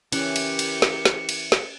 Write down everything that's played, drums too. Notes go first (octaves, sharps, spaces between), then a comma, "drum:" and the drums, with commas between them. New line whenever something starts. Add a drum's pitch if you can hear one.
E3 C#4 E4 G4 A#4 C#7, drum: cymbal
drum: cymbal
drum: cymbal
drum: snare
drum: snare
drum: cymbal
drum: snare